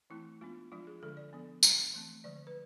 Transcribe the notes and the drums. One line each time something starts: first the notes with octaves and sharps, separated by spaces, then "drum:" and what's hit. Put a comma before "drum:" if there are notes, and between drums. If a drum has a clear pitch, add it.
E3 A3 C4 E4
G#3 B3 D4 F4
F3 G#3 D4 F4
G#4
D3 F3 G#3 D4 A4
D5
F3 B3 D4
G#3 D4, drum: tambourine
E3 A3 C4
D3 F3 G#3 D5
B4